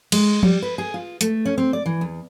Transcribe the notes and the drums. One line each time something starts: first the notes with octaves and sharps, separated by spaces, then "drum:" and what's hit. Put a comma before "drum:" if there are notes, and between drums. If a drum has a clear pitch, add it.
G#3, drum: cymbal
G3, drum: tom F3
B4
G#4
F4
A3, drum: hi-hat
C#4
C4
D5
E3
E2